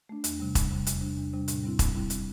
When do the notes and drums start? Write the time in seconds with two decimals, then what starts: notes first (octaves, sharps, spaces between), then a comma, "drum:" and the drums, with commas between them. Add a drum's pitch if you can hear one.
0.09 A3 D4
0.24 E2, drum: hi-hat
0.40 C3 G3
0.55 E2, drum: kick E1, hi-hat
0.71 C3 G3
0.87 E2, drum: hi-hat
1.01 C3 G3 D4
1.18 E2
1.33 C3 G3 D4
1.48 A2, drum: hi-hat
1.64 G3 C4 E4
1.79 A2, drum: kick E1, hi-hat
1.95 G3 C4 E4
2.10 drum: hi-hat